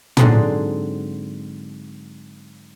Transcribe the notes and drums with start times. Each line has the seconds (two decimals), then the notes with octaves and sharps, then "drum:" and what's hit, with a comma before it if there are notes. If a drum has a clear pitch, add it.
0.17 G#2 D3 F#3 C4 G#4 A4, drum: tom